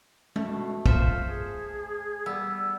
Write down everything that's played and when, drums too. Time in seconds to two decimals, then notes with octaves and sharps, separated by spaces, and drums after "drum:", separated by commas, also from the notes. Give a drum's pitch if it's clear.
0.36 B2 A3, drum: tom
0.86 F4 A4 C5 E5, drum: kick
1.26 G#4
2.26 G3 B3 E6